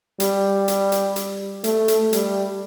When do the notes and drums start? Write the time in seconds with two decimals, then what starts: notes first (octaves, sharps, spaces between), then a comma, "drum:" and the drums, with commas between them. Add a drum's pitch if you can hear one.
0.20 G3, drum: hi-hat
0.68 drum: hi-hat
0.92 drum: hi-hat
1.16 drum: hi-hat
1.64 A3, drum: hi-hat
1.88 drum: hi-hat
2.13 G3, drum: hi-hat